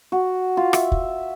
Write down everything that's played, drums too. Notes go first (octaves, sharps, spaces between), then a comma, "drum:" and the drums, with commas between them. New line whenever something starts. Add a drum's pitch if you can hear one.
F#4
F4
E5, drum: rim click
drum: kick